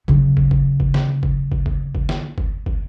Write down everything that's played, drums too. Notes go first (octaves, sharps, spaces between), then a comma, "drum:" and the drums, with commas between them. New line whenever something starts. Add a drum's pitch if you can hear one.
C#3 F#3, drum: kick
drum: kick
drum: kick
drum: kick
drum: snare
drum: kick
drum: kick
drum: kick
drum: kick
drum: snare
drum: kick
drum: kick